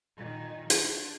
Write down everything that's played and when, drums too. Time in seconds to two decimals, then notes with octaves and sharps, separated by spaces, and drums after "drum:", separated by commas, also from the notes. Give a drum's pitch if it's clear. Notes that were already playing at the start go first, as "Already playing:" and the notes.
0.16 A#2 D#3
0.70 D4, drum: hi-hat